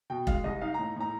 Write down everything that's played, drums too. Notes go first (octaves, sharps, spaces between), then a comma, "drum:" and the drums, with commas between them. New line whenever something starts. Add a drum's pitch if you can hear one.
B2 G5
G#3 F5, drum: kick E1
C2 D#5
D#4 F5
A2 A#5
A2 A#5